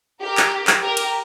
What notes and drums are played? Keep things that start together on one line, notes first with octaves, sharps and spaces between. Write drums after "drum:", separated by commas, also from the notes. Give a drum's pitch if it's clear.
G4 A#4
drum: clap
drum: clap
G4 A#4
drum: cymbal